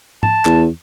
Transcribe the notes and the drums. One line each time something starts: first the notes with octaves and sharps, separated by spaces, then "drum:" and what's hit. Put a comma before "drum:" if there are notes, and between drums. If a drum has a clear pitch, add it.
A5, drum: tom G#2
E2, drum: clap